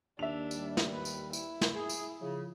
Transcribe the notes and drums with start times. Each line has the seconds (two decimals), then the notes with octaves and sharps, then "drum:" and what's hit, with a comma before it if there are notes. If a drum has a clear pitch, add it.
0.19 D#2 D4 E5 F7
0.51 G3, drum: tambourine
0.77 drum: snare
0.92 B4
1.05 drum: tambourine
1.33 E4, drum: tambourine
1.61 drum: snare
1.75 G#4
1.89 drum: tambourine
2.21 C#3 F3